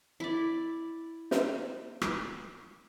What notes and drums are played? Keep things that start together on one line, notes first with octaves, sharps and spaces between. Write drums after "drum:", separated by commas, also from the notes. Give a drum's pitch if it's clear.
E4 D5
drum: snare
drum: rim click